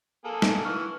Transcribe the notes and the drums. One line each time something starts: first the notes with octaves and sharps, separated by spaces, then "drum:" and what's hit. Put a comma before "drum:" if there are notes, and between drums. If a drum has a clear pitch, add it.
A#3 G#4 A4
drum: snare
E3 C#6 F6